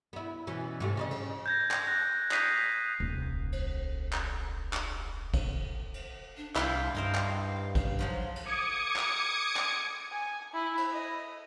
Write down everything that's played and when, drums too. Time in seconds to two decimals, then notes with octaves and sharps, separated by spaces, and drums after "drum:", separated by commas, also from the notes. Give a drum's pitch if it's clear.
0.13 B3 E4
0.47 B2 E3 C#4
0.80 G#2 C3 A3
0.97 C#3 E4 D#5
1.11 drum: cymbal
1.46 G6 G#6 A#6
1.71 drum: clap
1.87 F#6 A#6
2.32 D#6 G6 B6 C7 D#7, drum: clap
3.00 D#1 C2
3.52 drum: cymbal
4.13 drum: clap
4.73 drum: clap
5.34 drum: kick, cymbal
5.94 drum: cymbal
6.37 D4
6.56 C2 D4 E4 F4 F5 G5, drum: clap
6.95 G2 D#4 A#4 C5
7.15 drum: clap
7.75 drum: kick, cymbal
7.99 G#2 F3 F#3
8.36 drum: cymbal
8.45 D6 D#6 G#6 C#7
8.96 drum: clap
9.57 drum: clap
10.12 G#5
10.54 E4
10.77 drum: cymbal
10.92 D#5